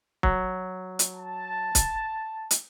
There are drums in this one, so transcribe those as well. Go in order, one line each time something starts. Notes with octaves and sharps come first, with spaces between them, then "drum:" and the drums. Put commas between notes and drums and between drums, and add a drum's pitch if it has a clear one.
F#3, drum: kick
drum: hi-hat
A5
drum: kick, hi-hat
drum: hi-hat